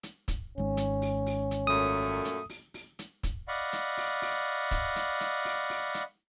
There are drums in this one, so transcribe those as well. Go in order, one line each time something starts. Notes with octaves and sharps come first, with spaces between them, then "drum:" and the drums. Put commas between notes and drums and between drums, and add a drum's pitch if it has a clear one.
drum: hi-hat
drum: kick, hi-hat
G#1 G#2 C#4
drum: hi-hat
drum: open hi-hat
drum: open hi-hat
drum: hi-hat
F#2 A#2 A3 D#6
drum: hi-hat
drum: open hi-hat
drum: open hi-hat
drum: hi-hat
drum: kick, hi-hat
D5 D#5 F5 F#5 B5 C#6
drum: hi-hat
drum: open hi-hat
drum: open hi-hat
drum: kick, hi-hat
drum: hi-hat
drum: hi-hat
drum: open hi-hat
drum: open hi-hat
drum: hi-hat